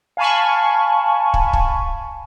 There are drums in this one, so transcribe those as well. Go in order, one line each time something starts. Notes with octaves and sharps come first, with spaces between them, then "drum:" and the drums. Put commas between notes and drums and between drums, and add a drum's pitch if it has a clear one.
F5 G#5 A5 B5 C#6
drum: kick
drum: kick